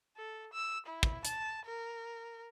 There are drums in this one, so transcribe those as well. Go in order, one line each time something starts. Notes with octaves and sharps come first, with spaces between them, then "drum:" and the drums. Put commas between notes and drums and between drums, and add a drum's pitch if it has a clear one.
A4
E6
E4
drum: kick
A5, drum: hi-hat
A#4